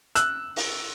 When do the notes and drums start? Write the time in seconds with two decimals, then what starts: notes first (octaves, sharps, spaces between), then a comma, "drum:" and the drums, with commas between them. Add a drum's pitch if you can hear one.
0.15 E6 F#6, drum: hi-hat
0.56 drum: open hi-hat